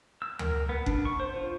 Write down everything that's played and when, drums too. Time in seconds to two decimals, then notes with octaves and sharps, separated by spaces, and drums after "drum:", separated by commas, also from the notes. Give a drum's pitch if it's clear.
0.22 E6
0.39 A#4, drum: tom D2
0.69 B3
0.86 D4, drum: kick F#1
1.05 C#6
1.20 C5
1.35 F4